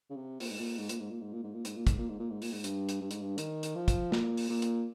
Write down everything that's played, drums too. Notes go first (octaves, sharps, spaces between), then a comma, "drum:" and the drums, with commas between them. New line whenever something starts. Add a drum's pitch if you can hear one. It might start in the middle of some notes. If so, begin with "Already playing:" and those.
C#3
C3
A#2, drum: open hi-hat
G#2
A#2
G#2
A#2, drum: hi-hat
G#2
A#2
G#2
A#2
G#2
A#2
G#2, drum: hi-hat
A#2
G#2, drum: kick, hi-hat
A#2
G#2
A#2
G#2
A#2, drum: open hi-hat
G#2
G2, drum: hi-hat
drum: hi-hat
G2
G#2, drum: hi-hat
G2
D#3, drum: hi-hat
drum: hi-hat
F3
drum: kick, hi-hat
A#2, drum: snare
drum: open hi-hat
A#2
drum: hi-hat